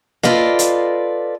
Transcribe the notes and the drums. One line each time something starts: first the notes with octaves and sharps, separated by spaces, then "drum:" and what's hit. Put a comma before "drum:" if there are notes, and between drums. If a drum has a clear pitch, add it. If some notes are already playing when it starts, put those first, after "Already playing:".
F4 A4 B4 D5 D#5 F5, drum: snare A#3
drum: hi-hat